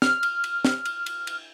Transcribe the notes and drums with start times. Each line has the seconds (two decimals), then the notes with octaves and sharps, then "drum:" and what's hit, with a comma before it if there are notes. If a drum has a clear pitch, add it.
0.02 F6, drum: snare
0.23 drum: cymbal
0.44 drum: cymbal
0.65 drum: snare
0.85 drum: cymbal
1.06 drum: cymbal
1.27 drum: cymbal